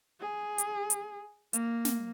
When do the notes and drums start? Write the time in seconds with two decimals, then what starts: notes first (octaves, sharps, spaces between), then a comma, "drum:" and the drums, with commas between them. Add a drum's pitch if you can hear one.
0.20 G#4
0.58 drum: hi-hat
0.90 drum: hi-hat
1.53 A#3, drum: hi-hat
1.85 drum: snare